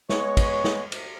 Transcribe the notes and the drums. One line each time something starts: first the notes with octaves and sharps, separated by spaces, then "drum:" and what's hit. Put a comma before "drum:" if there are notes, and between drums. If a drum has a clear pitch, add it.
G#3 B3 C#5, drum: snare
drum: kick, cymbal
drum: snare
drum: cymbal